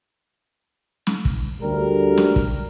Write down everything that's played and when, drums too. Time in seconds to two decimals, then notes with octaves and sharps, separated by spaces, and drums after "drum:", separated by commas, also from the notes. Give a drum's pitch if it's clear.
1.07 drum: snare
1.25 drum: kick
1.62 D2 G3 A#4
2.18 drum: snare
2.36 drum: kick